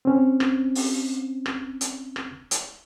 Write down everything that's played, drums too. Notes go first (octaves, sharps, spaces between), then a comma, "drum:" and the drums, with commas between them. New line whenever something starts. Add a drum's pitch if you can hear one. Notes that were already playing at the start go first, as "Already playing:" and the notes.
C4 C#4
drum: rim click
drum: open hi-hat
drum: rim click
drum: hi-hat
drum: rim click
drum: hi-hat